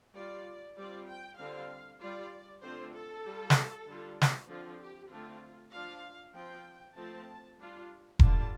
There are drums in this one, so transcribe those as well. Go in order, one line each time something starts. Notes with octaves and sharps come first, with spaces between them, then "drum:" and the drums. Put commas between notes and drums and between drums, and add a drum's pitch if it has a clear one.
G3 F4 D5
G3 C4 F4 D5
G5
D3 G3 C4 F4 F5
G3 F4 D5
D3 A3 C4 F4 C5
A4
G3 F4
drum: snare
D3 G3 D4 F4
drum: snare
D3 F3 C4 F4
G4
D3 A3 C4 F4
F3 D4 F4 F5
F3 C4 F4 G5
F3 A3 C4 A5
G3 D4 F4
D3 G3 D4 F4 A5, drum: kick E1